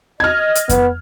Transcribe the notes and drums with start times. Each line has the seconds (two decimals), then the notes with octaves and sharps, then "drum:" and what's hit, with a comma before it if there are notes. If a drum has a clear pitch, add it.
0.20 D#5 F6 G#6
0.55 drum: hi-hat
0.69 B3, drum: kick F2, hi-hat